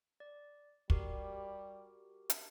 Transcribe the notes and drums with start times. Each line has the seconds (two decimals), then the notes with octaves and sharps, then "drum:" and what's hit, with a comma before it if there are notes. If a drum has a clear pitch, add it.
0.20 D5
0.90 G3 F#4 G4 A#4, drum: kick
2.30 drum: hi-hat